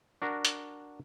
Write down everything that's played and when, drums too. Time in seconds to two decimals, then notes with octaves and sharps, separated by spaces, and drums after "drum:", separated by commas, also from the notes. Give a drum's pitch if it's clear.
0.22 D4 F#4 A#4
0.45 drum: hi-hat